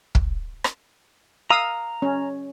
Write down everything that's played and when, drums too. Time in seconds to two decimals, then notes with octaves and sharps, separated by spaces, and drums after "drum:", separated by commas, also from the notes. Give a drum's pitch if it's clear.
0.15 drum: kick
0.64 drum: rim click
1.51 F5 A#5 D#6 E6
2.02 C#4